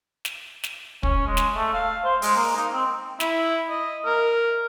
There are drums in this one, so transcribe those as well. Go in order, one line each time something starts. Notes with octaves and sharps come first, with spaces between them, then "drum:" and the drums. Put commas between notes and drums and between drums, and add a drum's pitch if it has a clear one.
drum: snare
drum: snare
C#4, drum: kick
G#3
drum: snare
A3
F5
C5
G#3, drum: open hi-hat
A#3
D#4
C4
E4, drum: snare
D#5
A#4